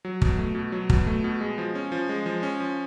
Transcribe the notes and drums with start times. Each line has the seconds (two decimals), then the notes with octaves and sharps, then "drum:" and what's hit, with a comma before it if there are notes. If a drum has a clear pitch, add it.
0.05 F#3
0.22 B2, drum: kick
0.38 A3
0.55 B2
0.72 F#3
0.90 B2, drum: kick
1.07 A3
1.24 B2
1.41 G#3
1.58 F3
1.75 C#4
1.92 F3
2.09 G#3
2.26 F3
2.43 C#4
2.60 F3